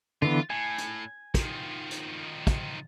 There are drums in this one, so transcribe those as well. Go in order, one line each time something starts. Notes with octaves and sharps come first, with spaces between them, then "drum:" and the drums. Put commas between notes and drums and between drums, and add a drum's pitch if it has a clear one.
D3 E3 B3 F4
A2 G#5
drum: hi-hat
D#3 F3, drum: kick, hi-hat
drum: hi-hat
drum: kick, hi-hat